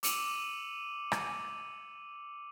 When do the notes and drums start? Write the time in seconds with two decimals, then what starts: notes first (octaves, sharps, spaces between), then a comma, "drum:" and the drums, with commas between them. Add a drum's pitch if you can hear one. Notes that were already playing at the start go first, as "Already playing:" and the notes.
0.03 D6 E6 C#7 D#7 F7 F#7, drum: hi-hat
1.12 drum: rim click